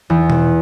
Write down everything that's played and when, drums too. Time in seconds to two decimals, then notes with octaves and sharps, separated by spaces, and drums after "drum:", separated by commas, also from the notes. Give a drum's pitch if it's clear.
0.10 E2
0.30 drum: tom B2